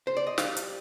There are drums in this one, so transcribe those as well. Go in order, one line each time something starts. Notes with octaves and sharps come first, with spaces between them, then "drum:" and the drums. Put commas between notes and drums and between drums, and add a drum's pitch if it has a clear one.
C5
D5
D#5
G3 F5, drum: snare
drum: hi-hat